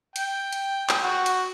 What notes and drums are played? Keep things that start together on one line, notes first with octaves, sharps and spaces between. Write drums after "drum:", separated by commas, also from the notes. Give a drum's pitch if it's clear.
G5, drum: hi-hat
drum: hi-hat
drum: clap
F#4
drum: hi-hat